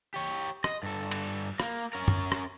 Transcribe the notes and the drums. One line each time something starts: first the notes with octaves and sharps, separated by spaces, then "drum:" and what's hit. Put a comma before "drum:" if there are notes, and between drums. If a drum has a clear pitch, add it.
G4 C#5
D#5, drum: rim click
G2 A4
drum: cymbal
A#3, drum: rim click
C#4 A#4
drum: tom
drum: rim click